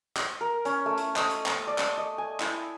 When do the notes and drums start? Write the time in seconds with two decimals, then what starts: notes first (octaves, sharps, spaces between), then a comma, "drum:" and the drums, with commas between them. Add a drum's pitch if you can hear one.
0.17 drum: clap
0.41 A#4
0.65 C#4, drum: hi-hat
0.86 A3
0.98 drum: hi-hat
1.16 D#5, drum: clap
1.30 drum: hi-hat
1.46 drum: clap
1.67 D5
1.78 drum: clap
1.98 D#5
2.18 G#5
2.40 E4, drum: clap